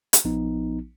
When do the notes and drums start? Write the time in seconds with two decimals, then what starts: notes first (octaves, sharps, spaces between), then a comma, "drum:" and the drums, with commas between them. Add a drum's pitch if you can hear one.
0.13 drum: hi-hat
0.25 A#1 F3 B3 D#4